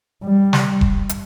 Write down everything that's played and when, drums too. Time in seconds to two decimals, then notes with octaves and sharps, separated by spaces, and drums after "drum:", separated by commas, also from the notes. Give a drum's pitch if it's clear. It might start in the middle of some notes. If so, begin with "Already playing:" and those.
0.25 G3
0.53 drum: snare
0.81 drum: kick E1
1.09 drum: hi-hat